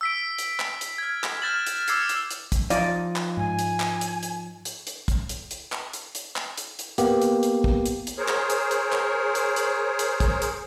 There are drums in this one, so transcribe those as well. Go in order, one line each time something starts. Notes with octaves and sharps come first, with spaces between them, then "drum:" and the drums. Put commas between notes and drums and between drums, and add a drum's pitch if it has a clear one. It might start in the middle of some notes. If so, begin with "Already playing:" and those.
E6 B6 D7
drum: hi-hat
drum: clap
drum: hi-hat
F6 G#6
drum: clap
F6 G6 A6 E7 F#7
drum: hi-hat
D6 E6 G#6 C7 C#7 E7, drum: hi-hat
drum: hi-hat
drum: hi-hat
drum: kick, hi-hat
F3 D#4 D5 F5, drum: hi-hat
drum: clap
G#2 G#5
drum: hi-hat
drum: clap
drum: hi-hat
drum: hi-hat
drum: hi-hat
drum: hi-hat
drum: kick, hi-hat
drum: hi-hat
drum: hi-hat
drum: clap
drum: hi-hat
drum: hi-hat
drum: clap
drum: hi-hat
drum: hi-hat
A#3 B3 G4, drum: hi-hat
drum: hi-hat
drum: hi-hat
drum: kick
drum: hi-hat
drum: hi-hat
G#4 A#4 C5 C#5
drum: clap
drum: hi-hat
drum: hi-hat
drum: clap
drum: hi-hat
drum: hi-hat
drum: hi-hat
drum: kick, hi-hat
drum: hi-hat